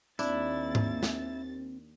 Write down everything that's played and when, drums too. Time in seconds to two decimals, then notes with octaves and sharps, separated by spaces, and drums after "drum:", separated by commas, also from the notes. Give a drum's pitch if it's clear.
0.19 D#2 C4 D4 E4 A6, drum: tambourine
0.75 drum: tom G#2
1.03 drum: snare